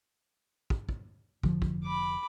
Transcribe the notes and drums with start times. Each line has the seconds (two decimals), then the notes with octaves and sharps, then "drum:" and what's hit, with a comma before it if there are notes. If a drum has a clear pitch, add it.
0.70 drum: kick
0.89 drum: kick
1.43 F1 D3 F3, drum: kick
1.62 drum: kick
1.84 B5 D6